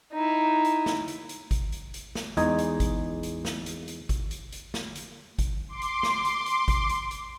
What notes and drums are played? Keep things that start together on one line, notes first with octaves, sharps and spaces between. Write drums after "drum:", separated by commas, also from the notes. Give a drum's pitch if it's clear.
D#4 E4
drum: hi-hat
drum: snare
drum: hi-hat
drum: hi-hat
drum: kick G#1, hi-hat
drum: hi-hat
drum: hi-hat
drum: snare
E2 G#3 D#4 G#5, drum: hi-hat
drum: hi-hat
drum: kick G#1, hi-hat
drum: hi-hat
drum: snare
drum: hi-hat
drum: hi-hat
drum: kick G#1, hi-hat
drum: hi-hat
drum: hi-hat
drum: snare
drum: hi-hat
drum: kick G#1, hi-hat
C6 D6
drum: hi-hat
drum: snare
drum: hi-hat
drum: hi-hat
drum: kick G#1, hi-hat
drum: hi-hat
drum: hi-hat